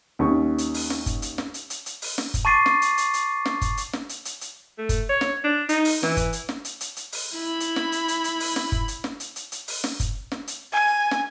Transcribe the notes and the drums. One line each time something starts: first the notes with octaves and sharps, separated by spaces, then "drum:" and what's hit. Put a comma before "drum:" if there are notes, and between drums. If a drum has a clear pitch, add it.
D#2 G3 C#4 C#6
drum: hi-hat
drum: open hi-hat
drum: snare
drum: kick F#1, hi-hat
drum: hi-hat
drum: snare
drum: hi-hat
drum: hi-hat
drum: hi-hat
drum: open hi-hat
drum: snare
drum: kick F#1, hi-hat
A5 C#6 D6 A6 C7 D#7
drum: snare
drum: hi-hat
drum: hi-hat
drum: hi-hat
drum: snare
drum: kick F#1, hi-hat
drum: hi-hat
drum: snare
drum: hi-hat
drum: hi-hat
drum: hi-hat
A3
drum: kick F#1, hi-hat
C#5
drum: snare
D4
D#4, drum: hi-hat
drum: open hi-hat
E3, drum: snare
drum: kick F#1, hi-hat
drum: hi-hat
drum: snare
drum: hi-hat
drum: hi-hat
drum: hi-hat
drum: open hi-hat
E4 B5
drum: hi-hat
drum: snare
drum: hi-hat
drum: hi-hat
drum: hi-hat
drum: open hi-hat
drum: snare
drum: kick F#1
drum: hi-hat
drum: snare
drum: hi-hat
drum: hi-hat
drum: hi-hat
drum: open hi-hat
drum: snare
drum: kick F#1, hi-hat
drum: snare
drum: hi-hat
G#5
drum: snare